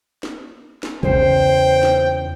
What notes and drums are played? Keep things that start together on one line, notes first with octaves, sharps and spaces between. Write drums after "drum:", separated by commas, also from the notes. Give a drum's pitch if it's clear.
drum: snare
drum: snare
E2 C#3 C5 G5, drum: kick B1
drum: snare